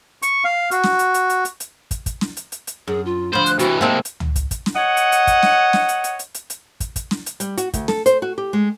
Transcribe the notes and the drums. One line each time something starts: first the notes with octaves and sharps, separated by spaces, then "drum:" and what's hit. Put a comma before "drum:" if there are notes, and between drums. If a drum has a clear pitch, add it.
C#6, drum: hi-hat
F5
F#4, drum: hi-hat
drum: snare
drum: hi-hat
drum: hi-hat
drum: hi-hat
drum: hi-hat
drum: hi-hat
drum: kick, hi-hat
drum: kick, hi-hat
drum: snare
drum: hi-hat
drum: hi-hat
drum: hi-hat
F#2 G#4
F4
D2 F3 C5 B5
F#6, drum: hi-hat
C3 E3 F#4, drum: hi-hat
C3 G#3 A#3 C4 D#4 A5
drum: hi-hat
drum: tom C#2
drum: kick, hi-hat
drum: kick, hi-hat
drum: snare
C#5 D#5 F#5
drum: hi-hat
drum: hi-hat
drum: kick, hi-hat
drum: snare
drum: snare
drum: hi-hat
drum: hi-hat
drum: hi-hat
drum: hi-hat
drum: hi-hat
drum: kick, hi-hat
drum: kick, hi-hat
drum: snare
drum: hi-hat
G3, drum: hi-hat
F#4, drum: hi-hat
D2, drum: kick, hi-hat
A4, drum: snare
C5, drum: hi-hat
F#4
G4
G#3